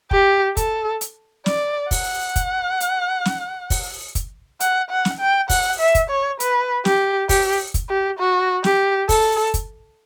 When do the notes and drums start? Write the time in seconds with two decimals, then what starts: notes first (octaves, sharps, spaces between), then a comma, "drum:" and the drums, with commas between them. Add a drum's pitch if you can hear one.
0.11 G4, drum: kick
0.57 A4, drum: kick, hi-hat
1.01 drum: hi-hat
1.46 D5, drum: snare
1.91 F#5, drum: kick, open hi-hat
2.36 drum: kick, hi-hat
2.81 drum: hi-hat
3.25 drum: snare
3.70 drum: kick, open hi-hat
4.15 drum: kick, hi-hat
4.60 F#5, drum: hi-hat
4.90 F#5
5.05 drum: snare
5.20 G5
5.50 F#5, drum: kick, open hi-hat
5.79 E5
5.95 drum: kick, hi-hat
6.10 C#5
6.40 B4, drum: hi-hat
6.85 G4, drum: snare
7.29 G4, drum: kick, open hi-hat
7.74 drum: kick, hi-hat
7.89 G4
8.19 F#4
8.64 G4, drum: snare
9.09 A4, drum: kick, open hi-hat
9.54 drum: kick, hi-hat